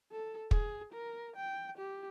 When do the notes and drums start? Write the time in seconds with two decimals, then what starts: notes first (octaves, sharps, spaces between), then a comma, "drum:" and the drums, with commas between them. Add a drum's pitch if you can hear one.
0.12 A4
0.51 G#4, drum: kick
0.93 A#4
1.36 G5
1.78 G4